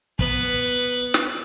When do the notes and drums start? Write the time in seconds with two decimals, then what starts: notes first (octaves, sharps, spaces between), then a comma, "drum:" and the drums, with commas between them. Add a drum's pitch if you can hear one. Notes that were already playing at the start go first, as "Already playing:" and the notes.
0.19 B3 B4, drum: kick
1.14 drum: snare